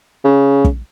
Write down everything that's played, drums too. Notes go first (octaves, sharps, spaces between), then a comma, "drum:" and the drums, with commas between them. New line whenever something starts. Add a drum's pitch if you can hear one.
C#3
drum: kick